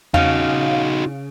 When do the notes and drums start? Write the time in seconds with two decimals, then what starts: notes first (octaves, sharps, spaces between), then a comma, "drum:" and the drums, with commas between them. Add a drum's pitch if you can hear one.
0.14 C#3 D#4 F#4 F5, drum: tom E2